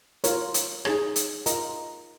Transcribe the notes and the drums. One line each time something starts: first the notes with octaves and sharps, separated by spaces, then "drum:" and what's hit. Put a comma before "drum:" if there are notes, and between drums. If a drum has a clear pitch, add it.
F4 A#4 C#5, drum: hi-hat
drum: hi-hat
D#4 G#4 C#5, drum: rim click
drum: hi-hat
F4 A#4 D#5 A#5, drum: hi-hat